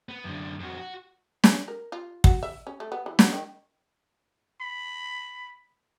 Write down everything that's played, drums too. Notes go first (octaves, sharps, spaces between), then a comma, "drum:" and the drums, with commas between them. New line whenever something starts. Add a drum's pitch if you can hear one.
B3
F#2 D3
F2 F#4
F#4
G#5, drum: snare
A#4
F4
F#4, drum: kick
E5
C#4
A3
B3
E3
F#4, drum: snare
D#3
B5